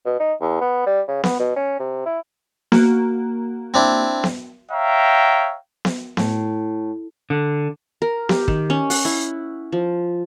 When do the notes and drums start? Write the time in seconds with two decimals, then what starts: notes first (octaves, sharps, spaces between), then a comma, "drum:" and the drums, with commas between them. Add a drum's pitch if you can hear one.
0.05 B2
0.20 D#4
0.41 E2
0.61 B3
0.86 G3
1.08 C#3
1.24 B3, drum: snare B3
1.39 B2
1.56 C#4
1.79 C3
2.06 E4
2.72 A#3 F#4, drum: snare B3
3.74 C4 D4 E4
4.24 drum: snare B3
4.72 C#5 E5 F5 G5 A#5
5.85 drum: snare B3
6.17 A2, drum: snare B3
7.30 D3
8.02 A#4
8.29 G4, drum: snare B3
8.48 D#3, drum: kick
8.70 C#4
8.90 F#5, drum: open hi-hat
9.05 E4
9.72 F3